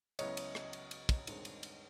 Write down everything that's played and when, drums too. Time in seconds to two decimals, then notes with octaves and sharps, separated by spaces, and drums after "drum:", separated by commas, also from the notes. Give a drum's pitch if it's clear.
0.19 C#2 C#3 F#3 B3 E4 C#5 D#5, drum: cymbal
0.37 drum: cymbal
0.55 drum: rim click
0.73 drum: cymbal
0.91 drum: cymbal
1.09 drum: kick, cymbal
1.27 G2 D#3 G#3 C4, drum: cymbal
1.45 drum: cymbal
1.63 drum: cymbal